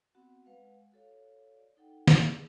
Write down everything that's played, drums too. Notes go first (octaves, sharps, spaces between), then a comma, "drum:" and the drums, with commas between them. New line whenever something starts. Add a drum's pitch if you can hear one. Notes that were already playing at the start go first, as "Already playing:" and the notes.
B3 C4 F#4 F#5
G#3 B4 F5 F#5
F#4 A4 C#5 F5
D5
D#4 A4 F#5 G5
drum: snare
G#4 D5